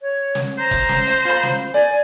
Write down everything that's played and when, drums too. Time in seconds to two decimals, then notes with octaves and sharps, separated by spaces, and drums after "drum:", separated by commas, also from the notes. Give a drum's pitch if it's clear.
0.01 C#5
0.35 drum: snare
0.58 C5 A#5
0.71 drum: kick F#1, hi-hat
0.89 drum: snare
1.07 drum: hi-hat
1.25 F4 B5
1.43 drum: snare
1.74 D5 G#5